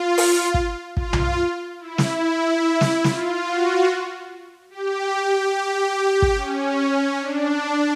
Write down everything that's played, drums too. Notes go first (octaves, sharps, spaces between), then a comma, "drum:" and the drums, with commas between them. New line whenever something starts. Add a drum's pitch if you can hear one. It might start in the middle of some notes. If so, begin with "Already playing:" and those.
Already playing: F4
drum: open hi-hat
drum: kick
F4, drum: kick
drum: tom B1
E4
drum: snare
E4
drum: snare
F4, drum: snare
F#4
G4
G4
G4
drum: kick
C#4
D4